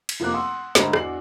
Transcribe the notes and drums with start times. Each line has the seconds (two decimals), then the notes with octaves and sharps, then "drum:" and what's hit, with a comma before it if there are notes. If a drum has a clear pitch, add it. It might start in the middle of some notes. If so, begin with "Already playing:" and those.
0.09 drum: cymbal
0.20 F1 F3 A#3 B3 D6 F#6
0.34 F#5 C6 D#6 E6
0.75 D2 G#2 A#4 C5 B5, drum: snare
0.93 E2 D4 F#4 C7 F#7, drum: rim click